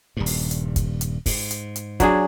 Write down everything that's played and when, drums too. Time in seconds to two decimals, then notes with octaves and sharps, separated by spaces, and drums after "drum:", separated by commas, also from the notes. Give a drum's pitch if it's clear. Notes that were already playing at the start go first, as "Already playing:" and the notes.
0.17 D#1 G2
0.26 drum: open hi-hat
0.51 drum: hi-hat
0.76 drum: kick, hi-hat
1.01 drum: hi-hat
1.26 G#2, drum: kick, open hi-hat
1.51 drum: hi-hat
1.76 drum: hi-hat
2.00 F#3 D4 G#4, drum: kick, hi-hat